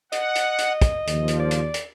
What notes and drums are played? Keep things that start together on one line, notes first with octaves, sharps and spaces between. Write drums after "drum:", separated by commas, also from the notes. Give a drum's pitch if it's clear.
D#5 F#5, drum: hi-hat
drum: hi-hat
drum: hi-hat
drum: kick, hi-hat
D#2 F3, drum: hi-hat
drum: hi-hat
D5
drum: hi-hat
drum: hi-hat